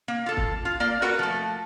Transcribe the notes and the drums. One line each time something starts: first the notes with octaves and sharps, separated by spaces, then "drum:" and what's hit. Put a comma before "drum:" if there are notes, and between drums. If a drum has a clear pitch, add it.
A#3
F4 A4
drum: kick
F4
A#3 D5
F#4 A#4 B4 F#5
F3 A3